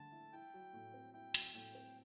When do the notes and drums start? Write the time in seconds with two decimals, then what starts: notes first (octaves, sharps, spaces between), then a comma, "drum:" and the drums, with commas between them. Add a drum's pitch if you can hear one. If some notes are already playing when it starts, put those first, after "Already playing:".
Already playing: D3 A3 A5
0.12 E4
0.32 E4 G5
0.54 F#3
0.73 A2
0.94 C4
1.14 E4 G5
1.34 F#3, drum: hi-hat
1.54 A2 G5
1.75 C4